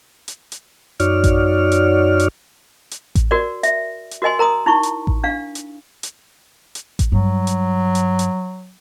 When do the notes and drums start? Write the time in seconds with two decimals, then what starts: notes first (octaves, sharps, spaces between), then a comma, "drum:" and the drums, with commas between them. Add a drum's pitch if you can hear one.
0.28 drum: hi-hat
0.52 drum: hi-hat
1.00 F#2 D#4 F#4 C#5 D5 F6, drum: hi-hat
1.24 drum: kick A1, hi-hat
1.72 drum: hi-hat
2.19 drum: hi-hat
2.91 drum: hi-hat
3.15 drum: kick A1, hi-hat
3.31 F#4 A#4 D5
3.63 E5, drum: hi-hat
4.11 drum: hi-hat
4.22 F#4 A#4 D#5 G#5 C6
4.39 A#4 A#5 C6 D#6
4.66 D#4 E4 C#6
4.83 drum: hi-hat
5.07 drum: kick A1
5.24 D4 F5
5.55 drum: hi-hat
6.03 drum: hi-hat
6.75 drum: hi-hat
6.99 drum: kick A1, hi-hat
7.12 G2 F#3
7.47 drum: hi-hat
7.95 drum: hi-hat
8.19 drum: hi-hat